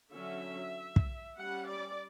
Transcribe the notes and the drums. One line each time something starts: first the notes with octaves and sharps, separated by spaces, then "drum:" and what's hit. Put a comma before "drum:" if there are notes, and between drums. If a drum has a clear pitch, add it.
D3 F#3 C#4 E5
drum: kick
G3 C#4 F#5
D5